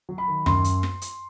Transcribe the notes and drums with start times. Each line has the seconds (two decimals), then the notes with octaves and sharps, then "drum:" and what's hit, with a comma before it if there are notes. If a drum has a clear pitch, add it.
0.09 F#3
0.18 B5
0.28 D#3
0.46 F#2 C6, drum: snare
0.64 drum: hi-hat
0.83 drum: snare
1.02 drum: hi-hat